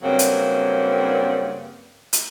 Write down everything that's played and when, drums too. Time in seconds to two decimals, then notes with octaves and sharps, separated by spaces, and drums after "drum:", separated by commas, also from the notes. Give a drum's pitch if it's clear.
0.03 G2 C#3 F#3 A#3 C4
0.19 drum: hi-hat
2.13 drum: hi-hat